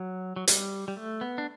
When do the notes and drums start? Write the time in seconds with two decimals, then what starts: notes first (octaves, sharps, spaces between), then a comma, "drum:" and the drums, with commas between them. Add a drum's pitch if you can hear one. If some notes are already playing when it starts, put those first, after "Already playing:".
Already playing: F#3
0.36 F#3
0.48 G3, drum: hi-hat
0.88 G3
0.97 A3
1.21 B3
1.38 D4